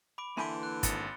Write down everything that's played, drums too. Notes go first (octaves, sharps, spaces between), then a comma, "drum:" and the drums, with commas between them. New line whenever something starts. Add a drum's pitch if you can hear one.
B5 D6 D7
D3 E3 A#3 G#5 B5 C6 G6 D7
F#6
G#1 A6 C#7 G7, drum: kick, hi-hat